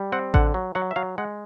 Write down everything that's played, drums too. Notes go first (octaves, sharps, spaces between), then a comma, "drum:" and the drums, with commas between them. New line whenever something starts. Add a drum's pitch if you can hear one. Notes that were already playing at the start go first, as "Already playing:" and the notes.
Already playing: G3
C4 F#5
D3 F#5, drum: kick A1
F#3
F#3 F#5
E5
F#3 F5
G#3 F#5